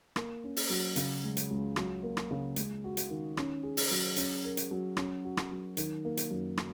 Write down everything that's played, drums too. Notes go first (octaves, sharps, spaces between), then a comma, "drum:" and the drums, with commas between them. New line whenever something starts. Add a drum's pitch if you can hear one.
A#3, drum: rim click
C#4
drum: open hi-hat
F#3
C#3, drum: hi-hat
G#3
drum: hi-hat
C#2
F#3, drum: rim click
A#3
drum: rim click
C#3
G#3, drum: hi-hat
F#4
drum: hi-hat
D#3
C#4, drum: rim click
G#4
drum: open hi-hat
F#3
C#4, drum: hi-hat
A#4
drum: hi-hat
F#3
C#4, drum: rim click
F#4
drum: rim click
F#3
D#3, drum: hi-hat
A#3
drum: hi-hat
F#2
drum: rim click